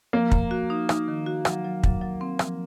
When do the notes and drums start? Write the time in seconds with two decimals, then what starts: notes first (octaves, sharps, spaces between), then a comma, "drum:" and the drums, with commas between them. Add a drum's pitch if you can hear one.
0.13 F3 A#3
0.31 A#3, drum: kick
0.51 F#4
0.70 D#4
0.89 D#4, drum: rim click
1.08 D#3
1.26 F#4
1.45 F#3, drum: rim click
1.64 F#3
1.83 F#3, drum: kick
2.01 F#3
2.21 C4
2.39 F3, drum: rim click